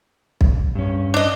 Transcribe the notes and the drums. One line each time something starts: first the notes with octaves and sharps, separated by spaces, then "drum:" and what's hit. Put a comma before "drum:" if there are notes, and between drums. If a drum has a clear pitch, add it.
drum: kick
G2 C#4
D4 D#5